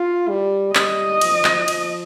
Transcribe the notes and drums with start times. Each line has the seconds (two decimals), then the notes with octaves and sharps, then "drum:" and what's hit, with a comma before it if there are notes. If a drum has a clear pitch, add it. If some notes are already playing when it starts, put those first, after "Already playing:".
Already playing: F4
0.29 G3
0.75 G3 D#5, drum: clap
1.21 F3, drum: cymbal
1.44 drum: clap
1.68 F3, drum: cymbal